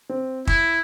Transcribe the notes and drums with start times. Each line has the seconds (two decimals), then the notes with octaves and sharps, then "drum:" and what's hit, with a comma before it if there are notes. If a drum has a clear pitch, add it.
0.09 C4
0.47 E4, drum: kick